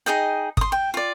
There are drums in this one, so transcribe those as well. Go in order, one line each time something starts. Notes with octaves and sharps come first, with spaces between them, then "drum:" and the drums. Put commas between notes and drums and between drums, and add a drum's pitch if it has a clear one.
D#4 G#4 D#5 G5
C6 D#6, drum: kick G#1
G5
F4 D5